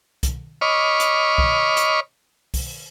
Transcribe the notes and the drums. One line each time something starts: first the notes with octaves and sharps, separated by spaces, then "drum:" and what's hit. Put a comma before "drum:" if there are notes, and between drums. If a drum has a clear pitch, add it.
drum: kick, hi-hat
C#5 D#5 B5 C#6 D6 F6
drum: hi-hat
drum: kick
drum: hi-hat
drum: kick, open hi-hat